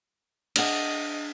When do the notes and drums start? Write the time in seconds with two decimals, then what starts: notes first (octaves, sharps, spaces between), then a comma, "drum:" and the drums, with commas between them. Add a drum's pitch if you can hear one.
0.56 D4 G#4 D#5 F#5, drum: cymbal